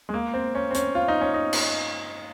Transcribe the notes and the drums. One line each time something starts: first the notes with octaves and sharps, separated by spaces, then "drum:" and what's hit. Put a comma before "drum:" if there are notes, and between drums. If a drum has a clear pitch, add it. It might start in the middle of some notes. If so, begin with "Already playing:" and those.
G#3
A#3
C4
C#4
C4
C#4, drum: hi-hat
F4
D#4
C#4
D#4
drum: cymbal